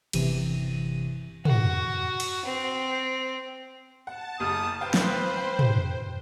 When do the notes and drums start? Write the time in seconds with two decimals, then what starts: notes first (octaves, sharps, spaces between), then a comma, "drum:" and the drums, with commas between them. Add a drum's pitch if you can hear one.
0.13 G1 C3 E3 D#7, drum: cymbal
1.45 F#4, drum: tom
2.20 drum: cymbal
2.45 C4
4.07 F#5 A5
4.40 F#1 G4 D#6 F6
4.81 B4 C5 F5 G5 F6
4.94 drum: snare
5.37 G5
5.59 drum: tom